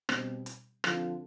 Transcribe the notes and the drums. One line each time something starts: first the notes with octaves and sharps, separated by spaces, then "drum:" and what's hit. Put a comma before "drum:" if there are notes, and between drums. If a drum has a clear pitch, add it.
B2 G3 C4 G4 C5, drum: rim click
drum: hi-hat
D3 F3 C4 F4, drum: rim click